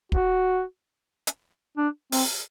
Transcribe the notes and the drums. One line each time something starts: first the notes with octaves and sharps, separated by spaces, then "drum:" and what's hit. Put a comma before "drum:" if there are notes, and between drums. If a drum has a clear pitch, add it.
F#4, drum: kick
drum: hi-hat
D4
C4, drum: open hi-hat